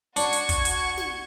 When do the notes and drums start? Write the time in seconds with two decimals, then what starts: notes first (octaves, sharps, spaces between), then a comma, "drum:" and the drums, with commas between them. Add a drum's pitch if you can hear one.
0.16 D4 F#4 C#6 G#6 C#7, drum: hi-hat
0.33 drum: hi-hat
0.49 drum: kick, hi-hat
0.65 drum: hi-hat
0.97 drum: snare